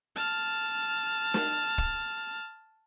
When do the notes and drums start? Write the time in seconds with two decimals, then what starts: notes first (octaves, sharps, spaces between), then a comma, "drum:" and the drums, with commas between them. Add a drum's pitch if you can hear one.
0.16 A5 F6, drum: hi-hat
1.34 drum: snare
1.78 drum: kick